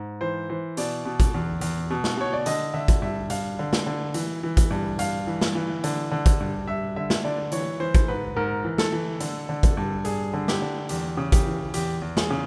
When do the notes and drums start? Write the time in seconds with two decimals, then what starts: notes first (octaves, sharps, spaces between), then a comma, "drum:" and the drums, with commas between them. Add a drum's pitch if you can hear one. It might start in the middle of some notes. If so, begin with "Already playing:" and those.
Already playing: G#2
0.21 E3 C5
0.49 E3 C5
0.77 B2 D5, drum: hi-hat
1.05 B2
1.20 drum: kick G#1, hi-hat
1.34 E2
1.61 E2, drum: hi-hat
1.90 B2
2.04 drum: snare
2.17 B2 C#5
2.33 D5
2.46 D3 D#5, drum: hi-hat
2.74 D3 E5
2.88 drum: kick G#1, hi-hat
3.02 G2 E5
3.30 G2 F5, drum: hi-hat
3.59 D3
3.73 drum: snare
3.86 D3
4.14 E3, drum: hi-hat
4.43 E3
4.57 drum: kick G#1, hi-hat
4.71 G2
4.99 G2 F5, drum: hi-hat
5.27 E3
5.41 drum: snare
5.55 E3
5.84 D3, drum: hi-hat
6.11 D3
6.26 drum: kick G#1, hi-hat
6.40 G2
6.68 G2 E5
6.96 D3 E5
7.10 drum: snare
7.24 D3 D5
7.52 E3 C#5, drum: hi-hat
7.80 E3 C5
7.95 drum: kick G#1, hi-hat
8.08 G#2 B4
8.36 G#2 A#4
8.64 E3
8.78 A4, drum: snare
8.92 E3
9.20 D3, drum: hi-hat
9.49 D3
9.63 drum: kick G#1, hi-hat
9.77 G2
10.05 G2 G#4, drum: hi-hat
10.33 D3
10.48 G4, drum: snare
10.62 D3
10.89 E2 G4, drum: hi-hat
11.17 C#3
11.32 G4, drum: kick G#1, hi-hat
11.46 E3
11.74 E2 G4, drum: hi-hat
12.02 E2
12.17 G#4, drum: snare
12.30 C#3